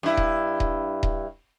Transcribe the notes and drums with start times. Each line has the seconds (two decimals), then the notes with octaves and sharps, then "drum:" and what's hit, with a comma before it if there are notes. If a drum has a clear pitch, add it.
0.03 G2 E4
0.17 drum: kick D#1
0.60 drum: kick D#1
1.03 drum: kick D#1